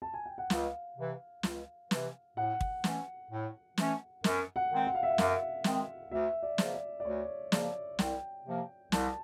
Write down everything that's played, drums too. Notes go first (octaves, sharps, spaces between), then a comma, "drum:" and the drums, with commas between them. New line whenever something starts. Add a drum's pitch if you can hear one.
A5
G#5
G5
F#5
C#2 F5, drum: snare
C3 E3
C#2, drum: snare
C3 E3, drum: snare
A2 F#5
drum: kick
E3 A3 C#4, drum: snare
A2
E3 A3 C#4, drum: snare
F#2, drum: snare
F#5
D#3 G#3 C4
F#5
F5
E5
F5
F#2, drum: snare
D#3 G#3 C4, drum: snare
D2 E5
D5
C#3 F3 A#3, drum: snare
D5
D5
D2 C#5
C#3 F3 A#3 D5, drum: snare
C2 G5, drum: snare
C3 F3 A#3
C2 A5, drum: snare